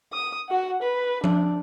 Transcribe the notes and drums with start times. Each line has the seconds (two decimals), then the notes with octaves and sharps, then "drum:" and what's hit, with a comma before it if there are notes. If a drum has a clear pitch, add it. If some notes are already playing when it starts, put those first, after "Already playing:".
0.13 D#6
0.49 F#4 F#5
0.82 B4
1.24 D4, drum: tom F3